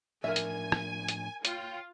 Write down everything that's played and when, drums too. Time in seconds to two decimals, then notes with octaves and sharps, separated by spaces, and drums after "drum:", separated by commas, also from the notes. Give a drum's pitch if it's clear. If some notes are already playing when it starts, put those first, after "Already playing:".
0.24 A2 F3 D4 A#4 E5 G#5
0.36 drum: hi-hat
0.72 drum: rim click
1.08 drum: hi-hat
1.45 F4 C#5 G5, drum: hi-hat